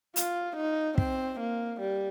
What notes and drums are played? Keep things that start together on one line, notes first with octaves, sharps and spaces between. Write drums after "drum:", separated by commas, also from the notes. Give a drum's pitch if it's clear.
F4, drum: hi-hat
D#4
C4, drum: kick
A#3
G3